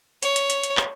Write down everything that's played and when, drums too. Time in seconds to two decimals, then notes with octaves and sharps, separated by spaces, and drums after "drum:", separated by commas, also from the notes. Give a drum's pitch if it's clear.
0.23 C#5, drum: hi-hat
0.36 drum: hi-hat
0.50 drum: hi-hat
0.63 drum: hi-hat
0.77 drum: clap